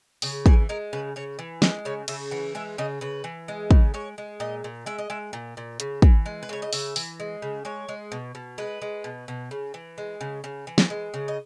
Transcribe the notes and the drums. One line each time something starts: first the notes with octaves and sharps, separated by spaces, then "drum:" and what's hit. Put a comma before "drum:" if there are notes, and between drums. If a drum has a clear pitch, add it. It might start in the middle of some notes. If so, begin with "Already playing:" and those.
C#3 G#4, drum: open hi-hat
E3 G#4, drum: kick
G#3 A#4
C#3 B4
C#3 C#5
E3
G#3 B4, drum: snare
C#3 C#5
C#3 E5, drum: cymbal
E3 F#5
G#3 E5
C#3 D#5
C#3 B4
E3
G#3
C#3, drum: kick
G#3 C#5
G#3
A#2 D#5
A#2
G#3 E5
D#5
G#3 E5
A#2
A#2
C#3, drum: hi-hat
E3, drum: kick
G#3
B4
C#3 C#5
D#5
C#3 E5, drum: open hi-hat
E3, drum: open hi-hat
G#3
C#3
G#3 C#5
G#3
B2
B2
G#3 B4
G#3
B2
B2
C#3
E3
G#3
C#3
C#3
E3
drum: snare
G#3
C#3
D#5